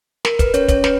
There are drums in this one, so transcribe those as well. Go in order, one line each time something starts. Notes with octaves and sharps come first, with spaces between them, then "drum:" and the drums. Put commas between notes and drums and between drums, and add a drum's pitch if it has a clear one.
A#4, drum: snare
B4, drum: kick, hi-hat
C#4 C#5, drum: hi-hat
C#4 C#5, drum: kick, hi-hat
B4, drum: snare